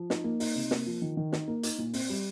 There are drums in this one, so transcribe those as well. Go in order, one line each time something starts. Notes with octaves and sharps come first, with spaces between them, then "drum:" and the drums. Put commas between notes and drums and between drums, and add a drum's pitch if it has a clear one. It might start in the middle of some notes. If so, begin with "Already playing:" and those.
Already playing: F3
D#4, drum: snare
A#3
D#4, drum: open hi-hat
C3
A#3, drum: snare
F3
D#3
D#3
D#4, drum: snare
A#3
D#4, drum: hi-hat
A#2
C4, drum: open hi-hat
G3